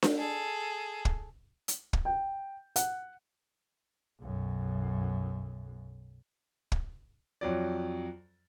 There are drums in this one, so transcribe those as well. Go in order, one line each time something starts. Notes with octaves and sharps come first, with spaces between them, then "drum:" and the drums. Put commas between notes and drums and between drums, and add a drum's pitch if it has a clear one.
drum: snare D4
G#4 A4
drum: kick
drum: hi-hat
drum: kick
G5
F#5, drum: hi-hat
B1 F#2
drum: kick
F2 F#3 D5